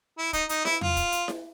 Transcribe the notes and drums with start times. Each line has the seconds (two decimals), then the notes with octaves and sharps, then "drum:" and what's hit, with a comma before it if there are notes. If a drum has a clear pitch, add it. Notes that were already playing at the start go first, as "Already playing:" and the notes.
0.18 E4
0.33 D#4, drum: kick, hi-hat
0.49 D#4, drum: hi-hat
0.65 E4, drum: snare E4
0.81 F4, drum: tom E2
0.96 drum: kick, hi-hat
1.12 drum: hi-hat
1.28 drum: snare E4